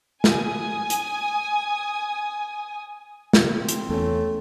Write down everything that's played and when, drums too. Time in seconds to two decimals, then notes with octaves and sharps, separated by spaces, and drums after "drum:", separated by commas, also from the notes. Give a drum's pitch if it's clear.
0.24 G#5 D#6, drum: snare
0.90 drum: hi-hat
3.33 drum: snare
3.56 C4
3.69 drum: hi-hat
3.89 E2 A3 C#4